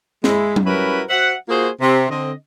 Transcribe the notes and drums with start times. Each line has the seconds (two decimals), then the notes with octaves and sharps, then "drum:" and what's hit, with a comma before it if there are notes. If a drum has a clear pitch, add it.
0.24 G#3 E4, drum: snare
0.56 drum: tom F#3
0.66 G3 C#4 E4 F#4 A#4 B4
1.09 F#4 C5 E5 F#5
1.49 A#3 F4 F#4 G#4 C5
1.81 C3
2.10 D3 C4 D#5